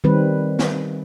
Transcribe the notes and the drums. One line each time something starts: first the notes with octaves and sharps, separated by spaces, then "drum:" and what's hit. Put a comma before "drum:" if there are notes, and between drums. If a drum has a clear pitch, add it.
D#3 G3 C4 B4
drum: snare